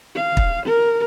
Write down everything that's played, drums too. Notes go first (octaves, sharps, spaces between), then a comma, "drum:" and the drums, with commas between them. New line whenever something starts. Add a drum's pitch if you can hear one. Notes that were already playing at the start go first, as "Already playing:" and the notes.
F5
drum: kick
A#4